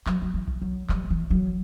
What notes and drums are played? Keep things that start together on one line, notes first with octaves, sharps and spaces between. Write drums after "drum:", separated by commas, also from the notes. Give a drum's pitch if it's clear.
F#3, drum: clap
F#3
E3
drum: kick B1
F#3
G3, drum: clap
E3
F#3